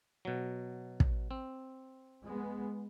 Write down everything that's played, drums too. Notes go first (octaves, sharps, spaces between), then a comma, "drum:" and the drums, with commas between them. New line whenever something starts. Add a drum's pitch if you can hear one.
B2 F#3
drum: kick
C4
G#3 B3